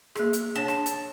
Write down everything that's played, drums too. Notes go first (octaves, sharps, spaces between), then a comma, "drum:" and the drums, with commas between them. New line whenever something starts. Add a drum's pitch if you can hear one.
A#3 G#4, drum: rim click
drum: hi-hat
D4 C#5 A5
drum: rim click
drum: hi-hat